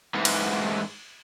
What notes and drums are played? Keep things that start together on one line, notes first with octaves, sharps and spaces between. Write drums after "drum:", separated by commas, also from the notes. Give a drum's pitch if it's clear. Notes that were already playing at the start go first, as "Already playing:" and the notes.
G#2 E3
drum: cymbal